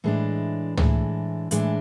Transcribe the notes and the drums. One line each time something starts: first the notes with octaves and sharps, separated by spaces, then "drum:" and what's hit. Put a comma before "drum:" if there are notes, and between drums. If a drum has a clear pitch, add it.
A2 E3 G#3 D4
A2 E3 G#3 D4, drum: tom
A2 E3 G#3 D4, drum: hi-hat